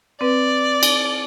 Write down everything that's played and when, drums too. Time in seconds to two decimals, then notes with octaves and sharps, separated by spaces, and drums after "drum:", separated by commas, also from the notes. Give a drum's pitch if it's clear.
0.21 C4 B4 D5
0.83 drum: cymbal